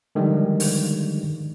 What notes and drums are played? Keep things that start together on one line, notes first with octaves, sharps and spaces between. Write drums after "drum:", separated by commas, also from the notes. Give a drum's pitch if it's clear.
D3 D#3 F3 G3 G#3
drum: open hi-hat